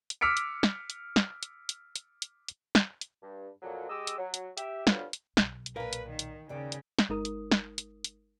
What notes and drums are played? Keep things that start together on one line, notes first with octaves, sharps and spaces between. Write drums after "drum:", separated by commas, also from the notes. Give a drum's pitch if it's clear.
drum: hi-hat
D6 E6 F6 B6 C#7 D7
drum: hi-hat
drum: snare
drum: hi-hat
drum: snare
drum: hi-hat
drum: hi-hat
drum: hi-hat
drum: hi-hat
drum: hi-hat
drum: snare
drum: hi-hat
G2
F2 A#2 F#3
G#3 G4 D#5 D6 E6
drum: hi-hat
F#3
drum: hi-hat
G4 E5, drum: hi-hat
D2 G2 G3 B3 F4 C#5, drum: snare
drum: hi-hat
B1, drum: snare
drum: hi-hat
A#2 A#4 B4 F5 G#5
drum: hi-hat
D#3
drum: hi-hat
D#2 C#3 D5 G5
drum: hi-hat
drum: snare
G1 G#3 D#4 A#4 D#6
drum: hi-hat
drum: snare
drum: hi-hat
drum: hi-hat